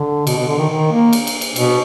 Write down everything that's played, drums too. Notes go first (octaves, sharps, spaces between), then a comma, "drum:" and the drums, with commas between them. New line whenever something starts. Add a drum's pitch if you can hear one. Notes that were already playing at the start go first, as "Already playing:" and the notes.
Already playing: D3
B2, drum: cymbal
B2
D3
D#3
D#3
A#3
drum: cymbal
drum: cymbal
drum: cymbal
B2, drum: cymbal